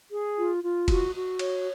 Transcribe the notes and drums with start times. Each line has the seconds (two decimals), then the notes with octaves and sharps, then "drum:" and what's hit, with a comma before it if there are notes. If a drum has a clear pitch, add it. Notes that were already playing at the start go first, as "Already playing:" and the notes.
0.10 G#4
0.36 F4
0.62 F4
0.88 F#4, drum: kick F1, cymbal
1.14 F#4
1.39 C#5, drum: cymbal